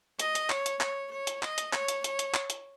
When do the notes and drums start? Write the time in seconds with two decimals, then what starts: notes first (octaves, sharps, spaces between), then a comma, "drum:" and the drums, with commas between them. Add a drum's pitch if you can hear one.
0.19 D#5, drum: hi-hat
0.35 drum: hi-hat
0.50 C#5, drum: clap
0.66 drum: hi-hat
0.81 C#5, drum: clap
1.11 C#5
1.27 drum: hi-hat
1.43 D#5, drum: clap
1.58 drum: hi-hat
1.73 C#5, drum: clap
1.88 drum: hi-hat
2.04 C#5, drum: hi-hat
2.19 drum: hi-hat
2.34 drum: clap
2.50 drum: hi-hat